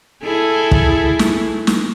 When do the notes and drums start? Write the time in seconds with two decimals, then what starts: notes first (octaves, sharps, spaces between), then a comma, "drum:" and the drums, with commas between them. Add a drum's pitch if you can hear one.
0.24 E4 G#4 A4
0.71 drum: kick
1.19 drum: snare
1.67 drum: snare